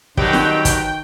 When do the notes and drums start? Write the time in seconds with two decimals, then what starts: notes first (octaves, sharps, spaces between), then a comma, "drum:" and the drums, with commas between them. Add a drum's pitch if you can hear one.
0.17 B2 D#3 F#3 G3 G5, drum: kick
0.33 drum: snare
0.65 drum: kick, hi-hat